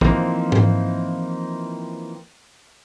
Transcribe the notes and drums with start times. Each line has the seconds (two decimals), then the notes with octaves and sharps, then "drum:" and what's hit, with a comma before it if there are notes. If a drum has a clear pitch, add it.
0.01 E3 F3 A#3 C4 D#4, drum: kick
0.52 drum: tom G#2